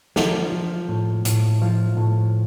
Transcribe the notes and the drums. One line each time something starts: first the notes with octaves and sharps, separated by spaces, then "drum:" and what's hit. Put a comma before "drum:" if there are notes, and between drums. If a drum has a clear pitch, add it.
F3, drum: snare
F3
A2
A2, drum: hi-hat
F3
A2